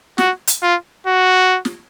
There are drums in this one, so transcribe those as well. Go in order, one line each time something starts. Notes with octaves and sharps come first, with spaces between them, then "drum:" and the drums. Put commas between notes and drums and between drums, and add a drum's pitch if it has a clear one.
F#4, drum: snare
drum: hi-hat
F4
F#4
drum: snare